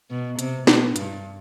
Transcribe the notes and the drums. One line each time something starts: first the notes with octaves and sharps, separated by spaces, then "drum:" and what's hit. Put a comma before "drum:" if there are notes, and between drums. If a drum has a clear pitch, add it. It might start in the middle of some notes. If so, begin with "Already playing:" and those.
B2
C3, drum: hi-hat
B2, drum: snare
G2, drum: hi-hat